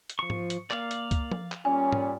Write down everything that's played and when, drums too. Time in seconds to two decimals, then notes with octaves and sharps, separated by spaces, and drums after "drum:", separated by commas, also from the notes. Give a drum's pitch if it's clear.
0.10 drum: hi-hat
0.19 F3 C#6 C#7
0.30 drum: tom G#2
0.50 drum: hi-hat
0.71 A#3 D5 F5, drum: clap
0.91 drum: hi-hat
1.11 drum: kick, hi-hat
1.31 drum: tom F3
1.52 drum: clap
1.65 A#2 G3 C#4 G#5
1.92 drum: tom G#2